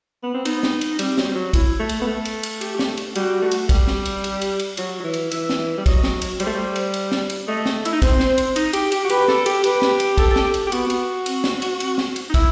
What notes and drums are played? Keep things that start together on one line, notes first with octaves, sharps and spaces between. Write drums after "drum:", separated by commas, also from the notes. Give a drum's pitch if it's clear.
B3
C4
B3 D#4, drum: cymbal
drum: snare
drum: cymbal
G3 C4, drum: cymbal
F#3, drum: snare
G3
F#3
E4, drum: kick, cymbal
A3
drum: cymbal
B3
A3
drum: cymbal
drum: cymbal
G4, drum: cymbal
drum: snare
drum: cymbal
G3 F#4, drum: cymbal
A3
drum: cymbal
G3, drum: kick, cymbal
drum: snare
drum: cymbal
G4, drum: cymbal
drum: cymbal
drum: cymbal
F#3 F#4, drum: cymbal
F#3
E3
drum: cymbal
E3 E5, drum: cymbal
drum: snare
E3
G3
F#3 D#5, drum: kick, cymbal
drum: snare
drum: cymbal
G3 C5, drum: cymbal
A3
G3
drum: cymbal
drum: cymbal
drum: snare
drum: cymbal
A3 D#5
drum: snare
E4, drum: cymbal
D#4
C4 C5, drum: kick, cymbal
drum: snare
drum: cymbal
D#4, drum: cymbal
G4, drum: cymbal
G4, drum: cymbal
F#4
G4 B4, drum: cymbal
A4, drum: snare
G4, drum: cymbal
G4 B4, drum: cymbal
drum: snare
drum: cymbal
A4, drum: kick, cymbal
drum: snare
drum: cymbal
G4
B3 F#4, drum: cymbal
drum: cymbal
C4, drum: cymbal
drum: snare
drum: cymbal
C4, drum: cymbal
drum: snare
drum: cymbal
D#4
E4, drum: kick, cymbal